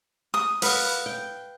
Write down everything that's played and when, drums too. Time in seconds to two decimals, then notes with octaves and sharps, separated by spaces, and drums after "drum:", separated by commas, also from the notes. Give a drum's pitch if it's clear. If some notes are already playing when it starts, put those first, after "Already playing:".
0.34 D#6
0.62 B4 F5 F#5, drum: open hi-hat
1.06 G5